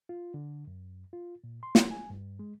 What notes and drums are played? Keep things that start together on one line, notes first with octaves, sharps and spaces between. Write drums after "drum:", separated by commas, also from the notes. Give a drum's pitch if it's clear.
F4
D3
F#2
F4
A#2
C6
drum: snare
G#5
G2
G#3